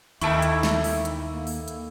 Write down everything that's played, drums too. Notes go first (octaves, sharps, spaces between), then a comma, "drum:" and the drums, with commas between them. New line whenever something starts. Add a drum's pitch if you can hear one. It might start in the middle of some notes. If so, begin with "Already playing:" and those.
D#2 D#3 A3 E4 E5 A5 C#6, drum: hi-hat
drum: hi-hat
drum: snare
drum: open hi-hat
drum: hi-hat
A#3
drum: open hi-hat
drum: hi-hat